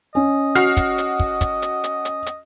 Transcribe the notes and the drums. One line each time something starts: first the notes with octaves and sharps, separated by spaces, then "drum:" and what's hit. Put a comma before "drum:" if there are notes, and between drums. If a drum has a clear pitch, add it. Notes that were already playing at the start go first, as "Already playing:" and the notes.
C#4 D#5
F#4 F6 C7, drum: hi-hat
drum: kick, hi-hat
drum: hi-hat
drum: kick
drum: kick, hi-hat
drum: hi-hat
drum: hi-hat
drum: hi-hat
drum: hi-hat